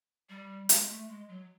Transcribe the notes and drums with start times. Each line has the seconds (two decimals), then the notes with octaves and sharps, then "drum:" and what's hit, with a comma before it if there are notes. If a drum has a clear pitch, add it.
0.29 G3
0.69 G#3, drum: hi-hat
0.89 A3
1.08 G#3
1.28 F#3